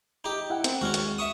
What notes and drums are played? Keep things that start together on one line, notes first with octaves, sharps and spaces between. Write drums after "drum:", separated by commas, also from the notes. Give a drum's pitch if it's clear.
D#4 G4
E4 F#5 G5
C4, drum: hi-hat
D#2 G#3 C#4 F#4 F6
drum: hi-hat
E5 C#6 D#6